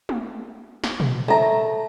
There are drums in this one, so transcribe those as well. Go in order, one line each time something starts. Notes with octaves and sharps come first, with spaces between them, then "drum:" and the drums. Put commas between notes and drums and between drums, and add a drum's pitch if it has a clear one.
drum: tom
drum: snare
drum: tom
A3 A#5